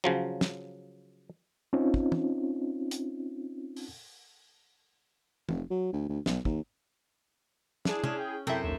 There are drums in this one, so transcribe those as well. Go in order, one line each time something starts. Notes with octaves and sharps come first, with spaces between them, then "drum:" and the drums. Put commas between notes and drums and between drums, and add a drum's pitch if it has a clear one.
C#3 F3 F#3
drum: snare
C4 C#4 D#4 F4
drum: kick
drum: tom
drum: hi-hat
drum: open hi-hat
F1, drum: tom
F#3
D2
D2
B1, drum: snare
D#2, drum: kick
D4 E4 G#4, drum: snare
C#4 D4, drum: tom
G5
F#2 C3 E4 A4 C5 G5
A1 D#2 E5